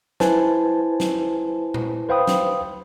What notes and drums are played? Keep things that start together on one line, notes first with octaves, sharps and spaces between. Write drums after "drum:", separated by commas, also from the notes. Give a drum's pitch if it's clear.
E4 B4 C5 G#5 A5, drum: snare
drum: snare
drum: tom A#2
B4 C5 F5 G5 B5 D#6
drum: snare